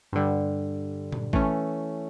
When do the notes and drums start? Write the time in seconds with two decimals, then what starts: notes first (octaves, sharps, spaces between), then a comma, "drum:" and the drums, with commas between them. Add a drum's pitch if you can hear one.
0.13 G2 D3 G3
1.12 drum: tom A#2
1.33 E3 A3 C#4, drum: kick G#1